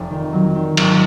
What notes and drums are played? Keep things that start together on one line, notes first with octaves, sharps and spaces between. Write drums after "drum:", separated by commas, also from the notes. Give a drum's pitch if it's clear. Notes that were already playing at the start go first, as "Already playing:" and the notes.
Already playing: F1
D#3
F#3
D#3
G#1 F4, drum: cymbal